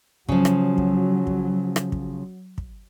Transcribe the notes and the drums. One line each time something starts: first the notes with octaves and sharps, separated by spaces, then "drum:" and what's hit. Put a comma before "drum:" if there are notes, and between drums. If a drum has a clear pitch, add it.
C#3 F3 F#3, drum: kick
drum: rim click
drum: kick
drum: kick
drum: rim click
drum: kick
drum: kick